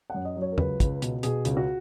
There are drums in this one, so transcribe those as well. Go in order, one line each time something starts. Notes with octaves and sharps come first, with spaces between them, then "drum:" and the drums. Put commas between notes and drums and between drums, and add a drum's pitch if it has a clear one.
F#2 F#5
D#5
F#3
C#5
A#4
C#2 B4, drum: tom
C#2, drum: kick, hi-hat
B2, drum: hi-hat
B2 G#4, drum: hi-hat
C#2, drum: hi-hat
F#4